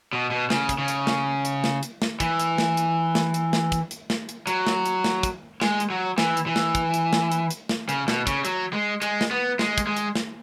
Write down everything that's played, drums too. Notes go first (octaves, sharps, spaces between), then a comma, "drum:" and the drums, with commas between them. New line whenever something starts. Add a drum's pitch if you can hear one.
B2
B2
C#3, drum: snare
drum: kick, hi-hat
C#3
drum: hi-hat
drum: snare
drum: hi-hat
drum: snare
drum: hi-hat
drum: snare
E3, drum: kick, hi-hat
drum: hi-hat
drum: snare
drum: hi-hat
drum: snare
drum: hi-hat
drum: snare
drum: kick, hi-hat
drum: hi-hat
drum: snare
drum: hi-hat
F#3, drum: hi-hat
drum: snare
drum: hi-hat
drum: snare
drum: kick, hi-hat
G#3, drum: snare
drum: hi-hat
F#3
E3, drum: snare
drum: hi-hat
E3
drum: snare
drum: kick, hi-hat
drum: hi-hat
drum: snare
drum: hi-hat
drum: hi-hat
drum: snare
C#3, drum: hi-hat
B2, drum: snare
C#3, drum: kick, hi-hat
F#3, drum: hi-hat
G#3
G#3, drum: hi-hat
drum: snare
B3
G#3, drum: snare
drum: kick, hi-hat
G#3
drum: hi-hat
drum: snare